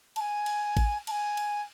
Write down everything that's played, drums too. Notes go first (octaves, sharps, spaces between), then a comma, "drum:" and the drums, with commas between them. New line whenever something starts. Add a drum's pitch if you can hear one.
A5, drum: cymbal
G#5
drum: cymbal
drum: kick A1, cymbal
A5, drum: cymbal
G#5
drum: cymbal